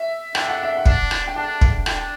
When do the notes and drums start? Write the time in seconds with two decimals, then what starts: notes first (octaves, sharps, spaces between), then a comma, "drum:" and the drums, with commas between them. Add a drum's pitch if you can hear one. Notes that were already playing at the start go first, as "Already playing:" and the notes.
Already playing: E5
0.35 D4 G5, drum: rim click
0.48 F#5
0.63 E5
0.77 F#5
0.86 D4, drum: kick
1.11 drum: rim click
1.27 G5
1.36 D4 A5
1.61 drum: kick
1.86 D4 G5, drum: rim click